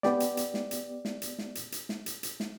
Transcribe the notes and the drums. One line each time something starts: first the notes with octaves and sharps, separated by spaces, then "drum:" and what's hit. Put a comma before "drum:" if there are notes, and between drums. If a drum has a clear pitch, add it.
B3 G4 D5, drum: snare
drum: hi-hat
drum: hi-hat
drum: snare
drum: hi-hat
drum: snare
drum: hi-hat
drum: snare
drum: hi-hat
drum: hi-hat
drum: snare
drum: hi-hat
drum: hi-hat
drum: snare